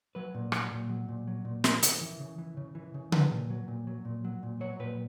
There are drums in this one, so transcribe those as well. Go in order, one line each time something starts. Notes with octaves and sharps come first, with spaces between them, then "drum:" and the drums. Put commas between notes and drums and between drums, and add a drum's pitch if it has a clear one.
F#3 B4
A#2
F#3, drum: rim click
A#2
F#3
A#2
F#3
A#2
E3 A#4, drum: snare
C#3, drum: hi-hat
E3
C#3
E3
C#3
E3
C#3
F#3 B4, drum: tom C#3
A#2
F#3
A#2
F#3
A#2
F#3
A#2
F#3 C#5
A#2 B4